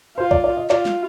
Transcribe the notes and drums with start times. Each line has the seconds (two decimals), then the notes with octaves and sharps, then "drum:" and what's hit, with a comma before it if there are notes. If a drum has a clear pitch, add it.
0.17 F4 C5
0.31 D5, drum: kick
0.44 D5
0.57 D#5
0.70 F4 D5, drum: clap
0.85 drum: snare